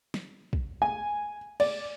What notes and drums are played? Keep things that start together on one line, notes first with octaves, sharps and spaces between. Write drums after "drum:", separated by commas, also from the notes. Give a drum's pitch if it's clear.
drum: snare
drum: kick
G#5
D5, drum: cymbal